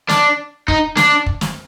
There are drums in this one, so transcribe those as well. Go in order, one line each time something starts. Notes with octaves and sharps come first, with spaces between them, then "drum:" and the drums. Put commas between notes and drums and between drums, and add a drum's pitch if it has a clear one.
D4, drum: snare
D#4, drum: kick
D4, drum: snare
drum: kick
drum: snare